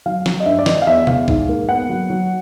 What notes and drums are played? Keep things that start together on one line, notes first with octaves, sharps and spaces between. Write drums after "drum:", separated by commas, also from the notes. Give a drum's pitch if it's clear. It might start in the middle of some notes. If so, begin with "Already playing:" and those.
F#3 F5
F#3, drum: snare
D#5
G2 E5
D5
E3 D#5, drum: snare
F5
E2 E5
E2 F5, drum: tom B2
G#2, drum: kick B1
A#3
B3 F#5
F#3
F#3